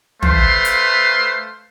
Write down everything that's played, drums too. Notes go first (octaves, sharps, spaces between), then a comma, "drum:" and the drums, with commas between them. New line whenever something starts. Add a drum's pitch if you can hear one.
A3 B4 C5 F5 C6, drum: tom
drum: hi-hat